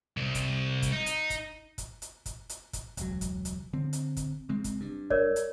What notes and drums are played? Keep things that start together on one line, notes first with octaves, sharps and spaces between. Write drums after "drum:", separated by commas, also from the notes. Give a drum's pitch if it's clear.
C2
drum: kick, hi-hat
drum: kick, hi-hat
D#4
drum: hi-hat
drum: kick, hi-hat
drum: kick, hi-hat
drum: hi-hat
drum: kick, hi-hat
drum: hi-hat
drum: kick, hi-hat
E1 C#2 F#3, drum: hi-hat
drum: kick, hi-hat
drum: hi-hat
D3 C4
drum: hi-hat
drum: kick, hi-hat
C#3 G#3 C4
drum: kick, hi-hat
G2
A#4 C#5 D5, drum: kick
drum: hi-hat